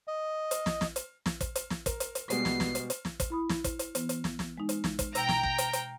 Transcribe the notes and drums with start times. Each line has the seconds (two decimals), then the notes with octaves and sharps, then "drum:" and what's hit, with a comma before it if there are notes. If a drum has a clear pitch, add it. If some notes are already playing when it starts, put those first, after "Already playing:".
0.08 D#5
0.51 drum: hi-hat
0.66 drum: snare
0.81 drum: snare
0.96 drum: hi-hat
1.26 drum: snare
1.41 drum: kick, hi-hat
1.55 drum: hi-hat
1.70 drum: snare
1.86 A#4, drum: kick, hi-hat
2.00 drum: hi-hat
2.15 drum: hi-hat
2.30 B2 G3 G#3 B3 C7, drum: hi-hat
2.45 drum: snare
2.60 drum: snare
2.75 drum: hi-hat
2.90 drum: hi-hat
3.05 drum: snare
3.20 drum: kick, hi-hat
3.30 E4 B5 D#6
3.49 drum: snare
3.64 drum: kick, hi-hat
3.79 drum: hi-hat
3.95 E3 B3, drum: hi-hat
4.09 drum: hi-hat
4.24 drum: snare
4.39 drum: snare
4.58 G#3 D#4
4.69 drum: hi-hat
4.84 drum: snare
4.99 drum: kick, hi-hat
5.15 B2 G5 A#5 E6, drum: hi-hat
5.28 drum: snare
5.43 drum: kick
5.58 drum: hi-hat
5.73 drum: hi-hat